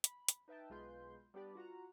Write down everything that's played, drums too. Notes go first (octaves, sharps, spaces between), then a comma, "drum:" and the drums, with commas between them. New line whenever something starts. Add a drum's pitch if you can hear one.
B5, drum: hi-hat
drum: hi-hat
D#4 B4 E5 G5 A5
B1 G#3 F4 B4 C6 G6
G3 B3 D4 G4 B4 D5
F4 F#4 F#5 A#5